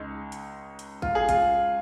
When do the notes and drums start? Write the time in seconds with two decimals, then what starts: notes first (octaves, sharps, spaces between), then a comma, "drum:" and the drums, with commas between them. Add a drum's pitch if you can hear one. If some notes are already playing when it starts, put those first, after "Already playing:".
Already playing: C#2 G#3 D#4
0.32 drum: hi-hat
0.79 drum: hi-hat
1.02 F4, drum: kick A1
1.15 G#4
1.29 F4, drum: kick A1, hi-hat